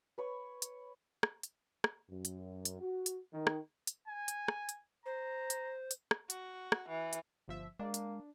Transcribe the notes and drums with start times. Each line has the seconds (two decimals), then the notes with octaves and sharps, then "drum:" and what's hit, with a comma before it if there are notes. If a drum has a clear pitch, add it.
0.18 B4 C#5 C#6
0.62 drum: hi-hat
1.23 drum: rim click
1.43 drum: hi-hat
1.84 drum: rim click
2.10 F#2
2.25 drum: hi-hat
2.65 drum: hi-hat
2.80 F#4
3.06 drum: hi-hat
3.34 D#3
3.47 drum: rim click
3.87 drum: hi-hat
4.08 G#5
4.28 drum: hi-hat
4.48 drum: rim click
4.69 drum: hi-hat
5.06 C5 A#5
5.50 drum: hi-hat
5.91 drum: hi-hat
6.11 drum: rim click
6.30 F#4, drum: hi-hat
6.72 drum: rim click
6.88 E3
7.13 drum: hi-hat
7.48 G1 F3 E5
7.79 G#3 A#3 D4
7.94 drum: hi-hat